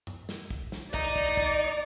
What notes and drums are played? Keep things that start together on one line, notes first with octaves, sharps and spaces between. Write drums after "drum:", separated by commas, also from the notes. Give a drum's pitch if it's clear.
drum: tom F#2
drum: snare
drum: kick
drum: snare
D5 D#5 A#5, drum: kick
drum: kick
drum: kick